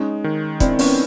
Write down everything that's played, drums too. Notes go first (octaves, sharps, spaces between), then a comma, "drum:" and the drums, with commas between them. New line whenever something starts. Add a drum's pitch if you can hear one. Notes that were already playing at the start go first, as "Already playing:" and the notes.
Already playing: G#3 C#4 D#4
D#3
C4 D4 E4, drum: kick, hi-hat
B3 C#4, drum: open hi-hat